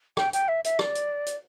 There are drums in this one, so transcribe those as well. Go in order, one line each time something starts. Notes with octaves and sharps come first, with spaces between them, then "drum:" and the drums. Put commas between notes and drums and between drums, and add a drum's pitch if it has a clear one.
G5, drum: rim click
G5, drum: hi-hat
E5
E5, drum: hi-hat
D5, drum: rim click
drum: hi-hat
drum: hi-hat